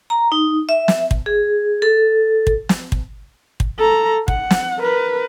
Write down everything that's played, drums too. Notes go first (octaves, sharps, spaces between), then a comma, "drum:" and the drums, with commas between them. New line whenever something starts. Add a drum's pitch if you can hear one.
A#5
D#4
E5
drum: snare
drum: kick
G#4
A4
drum: kick
drum: snare
drum: kick
drum: kick
A4 A#5
F#5, drum: kick
drum: snare
A#4 B4